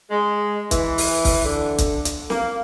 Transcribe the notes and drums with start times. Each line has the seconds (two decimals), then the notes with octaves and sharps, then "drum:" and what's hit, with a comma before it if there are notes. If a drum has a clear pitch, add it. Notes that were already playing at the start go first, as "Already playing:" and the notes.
0.11 G#3
0.71 E3, drum: kick, hi-hat
0.98 drum: open hi-hat
1.25 drum: kick, open hi-hat
1.45 D3
1.78 drum: kick, hi-hat
2.05 drum: hi-hat
2.30 A#3, drum: snare